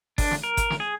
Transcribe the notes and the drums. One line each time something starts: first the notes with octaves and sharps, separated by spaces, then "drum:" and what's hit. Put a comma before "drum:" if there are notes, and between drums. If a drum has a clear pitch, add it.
D4, drum: kick G1, open hi-hat
drum: snare
A#4
drum: kick G1, hi-hat
drum: snare
G#4